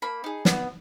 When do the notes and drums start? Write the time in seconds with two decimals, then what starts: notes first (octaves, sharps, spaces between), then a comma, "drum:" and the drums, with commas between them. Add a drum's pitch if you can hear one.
0.02 A#3 B5
0.24 D#4 G#4
0.45 B3, drum: snare